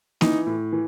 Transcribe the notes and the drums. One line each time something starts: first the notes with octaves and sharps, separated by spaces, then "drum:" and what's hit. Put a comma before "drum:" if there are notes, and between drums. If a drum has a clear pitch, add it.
E3 D#4, drum: snare A#3
A2
E3